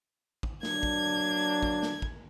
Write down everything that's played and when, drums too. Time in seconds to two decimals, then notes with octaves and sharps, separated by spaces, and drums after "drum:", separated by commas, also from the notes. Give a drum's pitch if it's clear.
0.43 drum: kick
0.63 F#3 A#3 D4 G#6, drum: snare
0.83 drum: kick
1.63 drum: kick
1.82 drum: snare
2.02 drum: kick